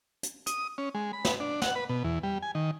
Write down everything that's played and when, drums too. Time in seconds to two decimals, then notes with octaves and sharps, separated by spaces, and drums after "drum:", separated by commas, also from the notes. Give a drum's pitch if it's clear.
0.23 drum: hi-hat
0.46 D#6, drum: hi-hat
0.78 C#4
0.95 G#3
1.13 B5
1.25 drum: snare
1.40 D4
1.62 F#5, drum: snare
1.75 B4
1.89 B2
2.04 E2
2.23 G3
2.42 G#5
2.55 D#3